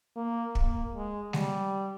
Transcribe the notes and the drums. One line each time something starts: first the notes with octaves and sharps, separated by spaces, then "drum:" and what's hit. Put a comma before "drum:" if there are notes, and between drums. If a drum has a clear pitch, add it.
A#3
A#3, drum: kick
G#3
G3, drum: snare G#3